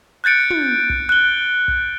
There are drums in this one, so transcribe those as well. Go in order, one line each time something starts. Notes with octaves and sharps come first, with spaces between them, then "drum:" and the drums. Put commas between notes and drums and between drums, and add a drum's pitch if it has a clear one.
F#6 G6 A6 C#7 D7
drum: tom
drum: kick
F#6 G7
drum: kick